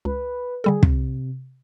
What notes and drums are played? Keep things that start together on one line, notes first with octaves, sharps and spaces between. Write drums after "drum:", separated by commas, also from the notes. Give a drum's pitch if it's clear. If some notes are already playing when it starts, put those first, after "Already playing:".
C#2 B4
D3 G3 G#4 A4
C3, drum: kick